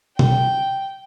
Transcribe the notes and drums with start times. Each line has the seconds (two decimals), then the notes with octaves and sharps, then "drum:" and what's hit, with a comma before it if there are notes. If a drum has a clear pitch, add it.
0.19 G5, drum: tom B2